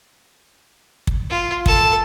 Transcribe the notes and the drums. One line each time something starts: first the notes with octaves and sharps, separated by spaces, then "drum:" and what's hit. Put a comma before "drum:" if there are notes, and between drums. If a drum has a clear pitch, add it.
drum: kick
F4
A4 A5, drum: kick